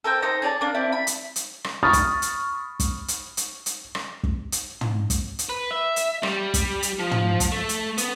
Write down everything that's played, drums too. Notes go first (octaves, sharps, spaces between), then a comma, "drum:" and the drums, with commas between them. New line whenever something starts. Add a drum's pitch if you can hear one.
A4 A#4 C5 G5
D#4 C5 A#5
G#4 C#5 D5 A5
A#3 D4
C4 D4 E4
B5
drum: hi-hat
drum: hi-hat
drum: rim click
B5 C#6 D#6 F6 A6
drum: kick, hi-hat
drum: hi-hat
drum: kick, hi-hat
drum: hi-hat
drum: hi-hat
drum: hi-hat
drum: rim click
drum: kick
drum: hi-hat
drum: tom
drum: kick, hi-hat
drum: hi-hat
B4
E5
drum: hi-hat
G3, drum: rim click
drum: kick, hi-hat
drum: hi-hat
F3
drum: tom
drum: kick, hi-hat
A3
drum: hi-hat
B3, drum: hi-hat